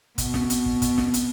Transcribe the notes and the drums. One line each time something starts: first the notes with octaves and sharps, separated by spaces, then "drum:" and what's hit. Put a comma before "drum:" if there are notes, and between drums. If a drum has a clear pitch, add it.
B2, drum: kick, hi-hat
drum: snare
drum: hi-hat
drum: kick
drum: kick, hi-hat
drum: snare
drum: hi-hat